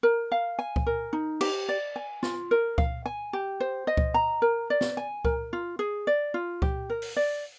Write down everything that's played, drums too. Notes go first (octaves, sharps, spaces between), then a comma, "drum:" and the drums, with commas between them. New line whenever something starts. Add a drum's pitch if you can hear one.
A#4
F5
G#5
drum: kick C#2
A#4
D#4
G4, drum: cymbal
D5
G#5
F4, drum: snare
A#4
F5, drum: kick C#2
G#5
G4
C5
D#5
drum: kick C#2
A#5
A#4
D5
drum: snare
G#5
A#4, drum: kick C#2
F4
G#4
D5
F4
G4, drum: kick C#2
A#4
drum: open hi-hat
D5